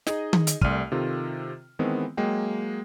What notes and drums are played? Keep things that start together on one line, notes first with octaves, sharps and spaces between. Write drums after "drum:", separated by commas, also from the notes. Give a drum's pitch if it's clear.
D#4 G#4 D#5, drum: snare
drum: tom D#3
drum: hi-hat
C2 A3 D5 C6 F6 D#7, drum: kick
C3 D#3 F4 A4
D#3 E3 G#3 B3 C4
F#3 G#3 A#3 G5